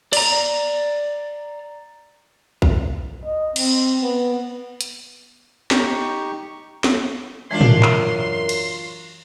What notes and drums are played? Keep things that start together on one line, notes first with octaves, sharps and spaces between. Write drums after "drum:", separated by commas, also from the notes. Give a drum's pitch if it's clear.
D5 A#5, drum: cymbal
drum: kick
D#5
C4, drum: cymbal
B3
drum: hi-hat
D#4 G4 C#6, drum: snare
drum: snare
F#2 E3 G#3 C#4 D4 F4 A#4 C6
drum: tom
drum: clap
drum: cymbal